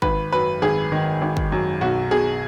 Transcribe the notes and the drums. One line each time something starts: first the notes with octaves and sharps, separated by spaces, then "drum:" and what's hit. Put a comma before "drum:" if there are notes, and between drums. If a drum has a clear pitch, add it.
G#1 B4, drum: kick
F#2 B4
G#1 G#4
D#3
G#1
drum: kick
F#2
B1 F#4
B2 G#4